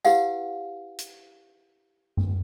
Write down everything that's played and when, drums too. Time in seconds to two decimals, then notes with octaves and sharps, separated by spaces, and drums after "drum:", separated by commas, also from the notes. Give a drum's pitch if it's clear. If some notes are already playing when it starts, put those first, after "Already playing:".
0.05 E4 G4 B4 F5 F#5, drum: tambourine
0.99 drum: hi-hat
2.17 drum: tom F#2